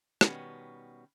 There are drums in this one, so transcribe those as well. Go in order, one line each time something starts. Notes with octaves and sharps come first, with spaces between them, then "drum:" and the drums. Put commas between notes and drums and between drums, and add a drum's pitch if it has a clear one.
B2 D#3 F#3 G3 B3 C#4, drum: rim click